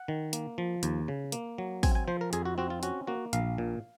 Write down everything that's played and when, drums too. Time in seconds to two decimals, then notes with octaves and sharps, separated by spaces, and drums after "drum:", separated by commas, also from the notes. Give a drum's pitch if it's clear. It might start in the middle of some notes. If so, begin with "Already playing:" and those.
Already playing: F#5
0.08 D#3
0.33 A#3, drum: hi-hat
0.58 F3
0.83 D#2, drum: hi-hat
1.08 C#3
1.32 A#3, drum: hi-hat
1.58 F#3
1.83 C4 G#5, drum: kick, open hi-hat
1.95 G#5
2.08 F3 C5
2.21 A#4
2.33 F2 G#4, drum: hi-hat
2.45 F#4
2.58 C4 F#4
2.70 F4
2.83 C#4 F#4, drum: hi-hat
3.07 A#3 F#4
3.33 A#1 F5, drum: hi-hat
3.58 A#2